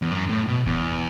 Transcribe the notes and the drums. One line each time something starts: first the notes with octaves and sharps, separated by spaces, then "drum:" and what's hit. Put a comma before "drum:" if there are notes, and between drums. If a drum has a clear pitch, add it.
E2
F#2
A2
B2
E2, drum: kick E1